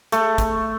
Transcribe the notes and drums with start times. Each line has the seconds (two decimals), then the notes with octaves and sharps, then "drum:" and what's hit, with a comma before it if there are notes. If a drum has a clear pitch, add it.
0.12 A3, drum: hi-hat
0.38 drum: kick, hi-hat